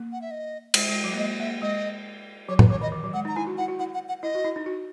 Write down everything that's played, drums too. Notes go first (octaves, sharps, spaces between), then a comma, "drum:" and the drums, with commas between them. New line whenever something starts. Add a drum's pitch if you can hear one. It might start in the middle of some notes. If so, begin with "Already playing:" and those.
Already playing: A#3
F#5
E5
D#5
G#3, drum: cymbal
G#3
F#3
A#3
G#3 D#5
A#3 E5
G#3 D#5
F#3 C#5
E3 B4, drum: tom A2
E3 C#5
D#3 D#5
E3
F#3
G#3 F#5
D#4 A#5
E4 G#5
F#4
E4 F#5
F#4
E4 F#5
F#5
F#5
E4 D#5
F#4
E4
D#4
F#4